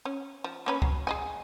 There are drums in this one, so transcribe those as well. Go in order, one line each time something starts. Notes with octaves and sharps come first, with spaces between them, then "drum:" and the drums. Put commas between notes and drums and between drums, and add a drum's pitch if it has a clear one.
C#4
F3
A#3 C#4 B4
F#3, drum: kick
G#4 D#5 G#5, drum: rim click